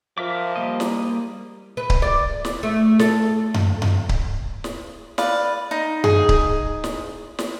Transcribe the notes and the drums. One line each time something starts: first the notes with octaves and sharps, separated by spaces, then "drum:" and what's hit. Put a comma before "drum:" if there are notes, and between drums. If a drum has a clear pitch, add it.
F3 A#4 E5 D6
G3 A#3 D#5
drum: snare
B4
drum: kick C#1
D5
drum: snare
A3
A4, drum: snare
drum: tom F#2
drum: tom F#2
drum: kick C#1
drum: snare
B4 D5 F5, drum: snare
D#4
G#4, drum: tom F#2
drum: kick C#1
drum: snare
drum: snare